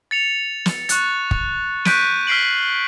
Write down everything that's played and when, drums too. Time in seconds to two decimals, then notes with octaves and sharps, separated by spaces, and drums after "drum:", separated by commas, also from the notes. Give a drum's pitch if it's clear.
0.11 A6 C#7 F7
0.66 drum: snare
0.89 C#6 F#6 A6, drum: hi-hat
1.31 drum: kick
1.85 C#6 F#6 G6 B6 D7 D#7, drum: snare
2.27 F6 B6 C7 D7 F#7